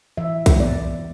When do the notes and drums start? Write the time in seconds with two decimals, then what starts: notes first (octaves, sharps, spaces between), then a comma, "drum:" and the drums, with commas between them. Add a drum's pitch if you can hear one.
0.17 E3 E5
0.46 drum: kick, hi-hat
0.60 B3 D5